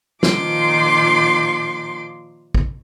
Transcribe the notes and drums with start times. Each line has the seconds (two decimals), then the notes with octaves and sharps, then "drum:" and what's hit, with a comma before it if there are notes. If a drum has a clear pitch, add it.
0.23 A#2 D#3 F3 C6 D6, drum: snare
2.55 drum: kick A1